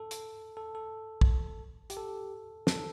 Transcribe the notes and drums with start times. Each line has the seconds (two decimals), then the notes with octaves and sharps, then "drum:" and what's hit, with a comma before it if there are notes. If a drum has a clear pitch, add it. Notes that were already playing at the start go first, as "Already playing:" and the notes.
Already playing: A4
0.11 drum: hi-hat
0.57 A4
0.75 A4
1.21 drum: kick
1.90 G4, drum: hi-hat
1.97 A4
2.67 A4, drum: snare